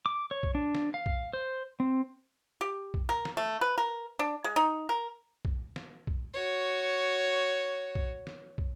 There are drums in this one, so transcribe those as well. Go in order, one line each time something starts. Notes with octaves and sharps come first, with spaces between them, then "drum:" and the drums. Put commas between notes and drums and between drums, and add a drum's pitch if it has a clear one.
D6
C#5
drum: kick
D4
drum: snare
F5
drum: kick
C5
C4
G4
drum: kick
A#4
drum: snare
A3
B4
A#4
D4
G#3
D#4
A#4
drum: kick
drum: snare
drum: kick
F#4 C#5
drum: kick
drum: snare
drum: kick